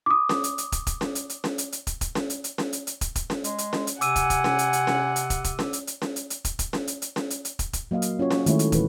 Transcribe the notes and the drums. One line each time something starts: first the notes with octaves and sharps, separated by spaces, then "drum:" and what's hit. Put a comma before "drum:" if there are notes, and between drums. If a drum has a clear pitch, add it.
D6 D#6
drum: snare C#4
drum: hi-hat
drum: hi-hat
drum: kick, hi-hat
drum: kick, hi-hat
drum: snare C#4
drum: hi-hat
drum: hi-hat
drum: snare C#4
drum: hi-hat
drum: hi-hat
drum: kick, hi-hat
drum: kick, hi-hat
drum: snare C#4
drum: hi-hat
drum: hi-hat
drum: snare C#4
drum: hi-hat
drum: hi-hat
drum: kick, hi-hat
drum: kick, hi-hat
drum: snare C#4
G#3, drum: hi-hat
drum: hi-hat
drum: snare C#4
drum: hi-hat
C3 F#5 G#5 D6 E6 D#7, drum: hi-hat
drum: kick, hi-hat
drum: kick, hi-hat
drum: snare C#4
drum: hi-hat
drum: hi-hat
drum: snare C#4
drum: hi-hat
drum: kick, hi-hat
drum: kick, hi-hat
drum: snare C#4
drum: hi-hat
drum: hi-hat
drum: snare C#4
drum: hi-hat
drum: hi-hat
drum: kick, hi-hat
drum: kick, hi-hat
drum: snare C#4
drum: hi-hat
drum: hi-hat
drum: snare C#4
drum: hi-hat
drum: hi-hat
drum: kick, hi-hat
drum: kick, hi-hat
F#3 A#3 D#5 F5
drum: hi-hat
C#4 F4 F#4 C#5
drum: snare C#4
D#3 G#3 A3 E4 C#5, drum: hi-hat
drum: hi-hat
A#2 E3 B4, drum: kick, hi-hat